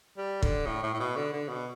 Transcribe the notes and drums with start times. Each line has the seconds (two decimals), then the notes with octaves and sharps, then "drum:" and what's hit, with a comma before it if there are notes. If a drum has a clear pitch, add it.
0.17 G3
0.43 D3, drum: kick
0.66 A2
0.83 A2
0.94 A2
1.00 B2
1.16 D3
1.33 D3
1.48 B2